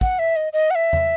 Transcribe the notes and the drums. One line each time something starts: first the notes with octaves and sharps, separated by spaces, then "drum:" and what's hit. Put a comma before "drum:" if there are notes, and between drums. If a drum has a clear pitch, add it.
F#5, drum: kick
E5
D#5
D#5
F#5
E5
drum: tom E2